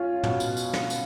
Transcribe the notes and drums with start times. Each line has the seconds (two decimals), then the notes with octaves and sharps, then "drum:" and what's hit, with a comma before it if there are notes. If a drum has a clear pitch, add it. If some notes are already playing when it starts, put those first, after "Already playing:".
Already playing: C#4 F4
0.23 B2, drum: tom
0.40 drum: tambourine
0.57 drum: tambourine
0.73 drum: snare
0.90 drum: tambourine